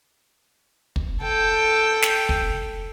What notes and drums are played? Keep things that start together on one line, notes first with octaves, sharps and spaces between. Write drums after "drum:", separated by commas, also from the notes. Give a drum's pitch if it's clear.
drum: kick
A4 G5
drum: snare
drum: kick